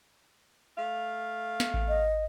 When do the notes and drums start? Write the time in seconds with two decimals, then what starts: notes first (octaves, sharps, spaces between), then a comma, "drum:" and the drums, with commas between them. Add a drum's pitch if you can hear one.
0.78 A3 F5
1.60 drum: snare
1.74 drum: kick A1
1.88 D#5